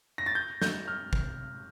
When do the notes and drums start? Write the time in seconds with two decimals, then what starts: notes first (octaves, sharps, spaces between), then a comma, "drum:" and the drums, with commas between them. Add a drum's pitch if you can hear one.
0.18 A#6
0.26 A6
0.35 G6
0.62 G6, drum: snare
0.88 F6
1.13 drum: kick